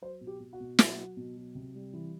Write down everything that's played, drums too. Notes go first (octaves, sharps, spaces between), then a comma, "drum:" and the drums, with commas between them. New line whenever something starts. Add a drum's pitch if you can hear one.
F#3 C5
B2
G4
B2
F#4
B2
F#3, drum: snare
F#3
B2
F#3
C3
G3
E3